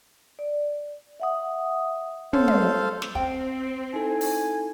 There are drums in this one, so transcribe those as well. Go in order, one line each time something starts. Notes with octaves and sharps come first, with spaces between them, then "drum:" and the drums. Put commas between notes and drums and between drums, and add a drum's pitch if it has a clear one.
D5
E5 F#5 D#6
A4 C5 C#5 F5, drum: tom
drum: tom
drum: snare
C4 G5, drum: kick
D#4 E4 A4 G#5
drum: open hi-hat